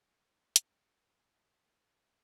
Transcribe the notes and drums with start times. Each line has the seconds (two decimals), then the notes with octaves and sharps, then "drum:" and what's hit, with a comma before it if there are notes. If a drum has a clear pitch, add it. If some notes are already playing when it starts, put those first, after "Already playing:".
Already playing: G#4
0.13 D#4
0.20 F4
0.56 F4 F#4, drum: hi-hat
0.80 D#4
1.04 G#3
1.26 G#3 G#4
1.51 A#3
1.61 C#5
1.74 G#3
1.97 A#3